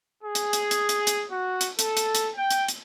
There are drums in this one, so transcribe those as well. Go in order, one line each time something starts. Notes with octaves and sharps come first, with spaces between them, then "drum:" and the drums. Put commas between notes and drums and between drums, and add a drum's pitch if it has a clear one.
G#4
drum: hi-hat
drum: hi-hat
drum: hi-hat
drum: hi-hat
drum: hi-hat
F#4
drum: hi-hat
A4, drum: hi-hat
drum: hi-hat
drum: hi-hat
G5
drum: hi-hat
drum: hi-hat